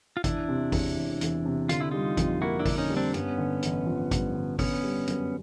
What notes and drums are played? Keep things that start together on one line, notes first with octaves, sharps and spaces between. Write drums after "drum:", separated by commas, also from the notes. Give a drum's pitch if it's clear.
F4
E2 D4 E4, drum: kick G#1, hi-hat
C3
E1, drum: kick G#1, open hi-hat
E1
E2, drum: hi-hat
C3
D3 F4, drum: hi-hat
E4
G3 D#4 F4
F2, drum: kick G#1, hi-hat
A#3 E4 F#4
D4 E4
D3, drum: kick G#1, open hi-hat
C#4 D#4
G3
C4 D4
G2 B3 C#4, drum: hi-hat
D3
A1, drum: hi-hat
F3
G2, drum: kick G#1, hi-hat
D3
D3 B3 C#4, drum: kick G#1, open hi-hat
G3
F#2, drum: hi-hat